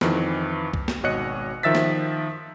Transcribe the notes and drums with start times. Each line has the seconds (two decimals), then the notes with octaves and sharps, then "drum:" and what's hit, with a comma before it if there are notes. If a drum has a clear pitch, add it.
0.01 F2 D#3 E3, drum: snare
0.74 drum: kick
0.88 drum: snare
1.03 G#1 B2 C#5 D#5 F#6 C#7
1.63 D#3 F3 E5 E6 A6 B6
1.75 drum: snare